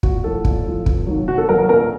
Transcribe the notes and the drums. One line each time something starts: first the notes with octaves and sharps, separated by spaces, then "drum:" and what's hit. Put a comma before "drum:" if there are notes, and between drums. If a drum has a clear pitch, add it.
A#1 F#4, drum: kick
A2 F3 A4
A#1, drum: kick
A2 F3
F1, drum: kick
D#2 D#3 F#3
F1 F#4
A4
D#2 D#3 F#3 A#4
A#4
A#1 A#4